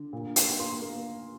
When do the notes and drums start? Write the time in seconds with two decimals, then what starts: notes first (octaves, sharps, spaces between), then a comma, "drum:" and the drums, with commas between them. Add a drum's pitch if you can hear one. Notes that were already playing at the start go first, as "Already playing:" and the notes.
Already playing: D3
0.13 A#2
0.36 A#3, drum: hi-hat
0.59 A#3 C6
0.82 A#3